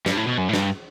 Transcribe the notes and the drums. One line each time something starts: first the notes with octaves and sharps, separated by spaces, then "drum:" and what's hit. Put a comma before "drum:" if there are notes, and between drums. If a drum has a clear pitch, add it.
G2, drum: snare
A2
B2
F#2
A2
G2, drum: snare